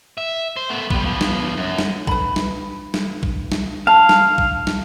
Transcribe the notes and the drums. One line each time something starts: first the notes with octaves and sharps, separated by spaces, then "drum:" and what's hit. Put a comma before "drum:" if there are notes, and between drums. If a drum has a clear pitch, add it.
E5
C5
A3 B3
G3 B3, drum: kick A#1
F3 B3
drum: snare
F#2
drum: snare
B4 B5, drum: kick A#1
drum: snare
drum: snare
drum: kick A#1
drum: snare
F5 A5
drum: snare
drum: kick A#1
drum: snare